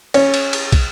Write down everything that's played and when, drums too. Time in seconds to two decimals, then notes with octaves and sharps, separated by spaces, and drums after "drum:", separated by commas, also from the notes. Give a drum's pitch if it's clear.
0.14 C#4, drum: cymbal
0.34 drum: cymbal
0.53 drum: cymbal
0.72 drum: kick, cymbal